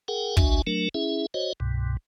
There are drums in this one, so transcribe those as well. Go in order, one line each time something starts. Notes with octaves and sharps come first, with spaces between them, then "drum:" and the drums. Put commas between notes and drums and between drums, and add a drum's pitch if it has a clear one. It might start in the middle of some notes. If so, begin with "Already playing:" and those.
G#4 A#4 F#5 G5
G#1 C#2 D4 F#4 E5 G#5, drum: kick
F#3 A3 D4 A#4
C#4 E4 G#4 E5
F#4 C5 C#5 D#5
C2 G2 B2